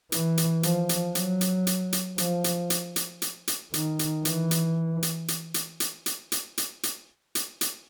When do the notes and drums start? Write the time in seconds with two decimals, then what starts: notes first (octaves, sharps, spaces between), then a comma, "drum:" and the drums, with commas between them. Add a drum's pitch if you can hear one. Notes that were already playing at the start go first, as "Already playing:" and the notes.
0.12 E3, drum: hi-hat
0.37 drum: hi-hat
0.63 F3, drum: hi-hat
0.89 drum: hi-hat
1.15 F#3, drum: hi-hat
1.41 drum: hi-hat
1.67 drum: hi-hat
1.93 drum: hi-hat
2.18 F3, drum: hi-hat
2.44 drum: hi-hat
2.70 drum: hi-hat
2.96 drum: hi-hat
3.22 drum: hi-hat
3.48 drum: hi-hat
3.74 D#3, drum: hi-hat
3.99 drum: hi-hat
4.25 E3, drum: hi-hat
4.51 drum: hi-hat
5.03 drum: hi-hat
5.28 drum: hi-hat
5.54 drum: hi-hat
5.80 drum: hi-hat
6.06 drum: hi-hat
6.32 drum: hi-hat
6.58 drum: hi-hat
6.83 drum: hi-hat
7.35 drum: hi-hat
7.61 drum: hi-hat